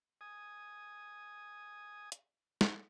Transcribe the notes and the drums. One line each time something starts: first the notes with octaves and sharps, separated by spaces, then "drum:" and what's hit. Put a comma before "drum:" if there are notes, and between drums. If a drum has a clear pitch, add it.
G#5 D#6
drum: hi-hat
drum: snare